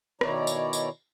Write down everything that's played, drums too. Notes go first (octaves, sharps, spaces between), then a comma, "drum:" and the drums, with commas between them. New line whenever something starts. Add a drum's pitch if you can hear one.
B2 D#3 E4 C#5 D5 A#5, drum: rim click
drum: tambourine
drum: tambourine